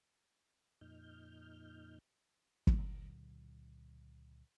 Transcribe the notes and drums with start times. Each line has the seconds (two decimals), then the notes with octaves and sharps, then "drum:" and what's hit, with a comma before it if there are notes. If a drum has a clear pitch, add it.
0.81 F2 A#2 D#4 F6 G6
2.67 drum: kick
2.78 C#2 A#2 D3 F#3